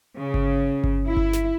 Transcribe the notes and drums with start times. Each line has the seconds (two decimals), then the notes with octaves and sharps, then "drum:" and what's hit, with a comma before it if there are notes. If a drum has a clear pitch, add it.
0.17 C#3
0.34 drum: kick G1
0.84 drum: kick G1
1.07 E4
1.17 drum: kick G1
1.33 drum: snare